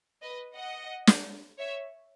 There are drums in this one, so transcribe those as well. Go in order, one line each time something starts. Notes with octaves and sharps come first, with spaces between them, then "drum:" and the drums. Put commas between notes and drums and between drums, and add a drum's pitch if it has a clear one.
B4 D#5
D#5 F#5
drum: snare
C#5 E5